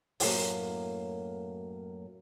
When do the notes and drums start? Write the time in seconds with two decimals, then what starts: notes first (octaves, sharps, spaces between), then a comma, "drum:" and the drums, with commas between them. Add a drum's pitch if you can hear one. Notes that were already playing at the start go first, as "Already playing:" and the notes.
0.20 F#2 A2 F#3 A#3, drum: open hi-hat